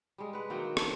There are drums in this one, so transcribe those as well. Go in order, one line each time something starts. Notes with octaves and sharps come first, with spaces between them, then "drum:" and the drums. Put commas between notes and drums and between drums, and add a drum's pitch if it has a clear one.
G3 G#3
B4 F#5
D#3 F#3 A#3 G5
A4 C5, drum: rim click